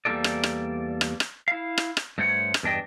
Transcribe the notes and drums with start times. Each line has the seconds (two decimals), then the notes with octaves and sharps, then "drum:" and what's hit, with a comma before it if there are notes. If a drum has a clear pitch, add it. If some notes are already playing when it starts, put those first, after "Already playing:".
0.05 E2 G3 A#3 F#4 A4 D5
0.24 drum: rim click
0.43 drum: rim click
1.01 drum: rim click
1.20 drum: rim click
1.48 E4 F5
1.78 drum: rim click
1.97 drum: rim click
2.18 G2 A3 C5 C#5 F#5
2.54 drum: rim click
2.63 E2 G2 D4 D#5 G5